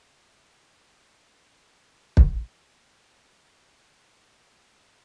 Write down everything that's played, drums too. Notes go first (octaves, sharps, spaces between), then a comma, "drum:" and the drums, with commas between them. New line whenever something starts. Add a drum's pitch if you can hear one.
A#3
G#2
A#3
drum: kick
D#5
C#3 G3 A#3 A4 F5
E3
E4 A#4
A3 B3 D#4 F#4 C#5 G5
E3 A#4 B4 D#5
C#3 C4 F#4